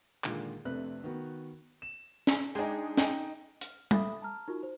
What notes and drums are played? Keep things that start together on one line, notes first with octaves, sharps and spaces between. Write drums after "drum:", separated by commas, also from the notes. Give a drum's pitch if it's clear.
A#2 D3 D#3 G#3 F4, drum: clap
F2 C3 A3 D4 B4 F#6
D#3 B3 F#4
E7
drum: snare
G#3 D4 D#4 G#4 G5
D#4 G5, drum: snare
F6, drum: hi-hat
A4 E5 B5 D6 D#6 A6, drum: tom G3
A5 A#5 F6
D#4 F4 F#4 A#4 C#6
C5